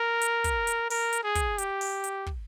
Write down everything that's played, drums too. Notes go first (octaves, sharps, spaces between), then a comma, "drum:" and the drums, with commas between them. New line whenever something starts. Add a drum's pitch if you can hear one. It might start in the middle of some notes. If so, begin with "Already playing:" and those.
Already playing: A#4
drum: hi-hat
drum: kick, hi-hat
drum: hi-hat
A#4, drum: open hi-hat
drum: hi-hat
G#4
drum: kick, hi-hat
G4, drum: hi-hat
drum: open hi-hat
drum: hi-hat
drum: kick